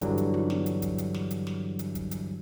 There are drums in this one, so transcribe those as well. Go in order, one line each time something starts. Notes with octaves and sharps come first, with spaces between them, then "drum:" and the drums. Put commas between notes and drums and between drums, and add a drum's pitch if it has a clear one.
G2 D3 E3 F#3 G3, drum: kick, hi-hat
drum: hi-hat
drum: tom
drum: snare
drum: hi-hat
drum: kick, hi-hat
drum: hi-hat
drum: snare
drum: hi-hat
drum: snare
drum: hi-hat
drum: kick, hi-hat
drum: hi-hat